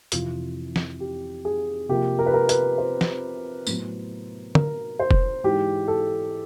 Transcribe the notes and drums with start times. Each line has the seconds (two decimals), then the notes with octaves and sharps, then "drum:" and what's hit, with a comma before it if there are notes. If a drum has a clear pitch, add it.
0.12 F2 C3 E3 F4, drum: hi-hat
0.76 drum: snare
1.00 G4
1.45 G#4
1.89 C3 F3 A#3 G4
2.19 A#4
2.26 B4
2.34 A#4
2.49 B4, drum: hi-hat
2.78 C5
3.01 drum: snare
3.67 A2 F#3 B3, drum: tambourine
4.55 A#4, drum: tom
4.99 C5
5.11 drum: kick
5.44 G#2 E3 G#3 G4
5.88 A4